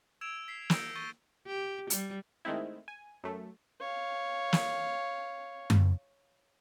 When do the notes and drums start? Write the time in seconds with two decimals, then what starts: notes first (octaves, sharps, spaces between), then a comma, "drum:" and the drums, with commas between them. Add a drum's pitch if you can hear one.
0.21 E6 G#6 D7 E7 F7
0.48 B6 C7
0.70 E6 G6 G#6 A#6 C#7 D7, drum: snare
0.95 C#6 G6 A6 D#7 G7
1.47 G4
1.90 G3, drum: hi-hat
2.45 D#3 G#3 A3 C4 E4
2.88 G#5
3.24 F#2 A3
3.80 C#5 F5
4.53 drum: snare
5.70 drum: tom F#2